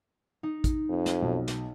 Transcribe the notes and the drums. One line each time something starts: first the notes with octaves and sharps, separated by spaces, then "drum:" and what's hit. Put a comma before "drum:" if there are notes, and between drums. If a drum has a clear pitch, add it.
D#4
drum: kick, hi-hat
F2
drum: snare
B1
drum: snare